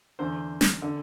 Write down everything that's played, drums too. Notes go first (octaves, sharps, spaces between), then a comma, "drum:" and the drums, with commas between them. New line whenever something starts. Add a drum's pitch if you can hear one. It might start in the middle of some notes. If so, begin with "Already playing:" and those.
E2 D3 C5
drum: snare
D3